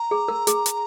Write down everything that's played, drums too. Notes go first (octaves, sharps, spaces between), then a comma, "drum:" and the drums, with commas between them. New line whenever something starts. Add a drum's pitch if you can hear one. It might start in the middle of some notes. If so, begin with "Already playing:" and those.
Already playing: A#5
G#4
A#4
G#4, drum: hi-hat
drum: hi-hat